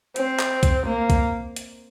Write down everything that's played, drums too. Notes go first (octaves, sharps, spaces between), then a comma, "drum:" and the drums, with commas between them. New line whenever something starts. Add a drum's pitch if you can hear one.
C4, drum: hi-hat
drum: clap
drum: kick B1, hi-hat
A#3
drum: kick B1, hi-hat
drum: hi-hat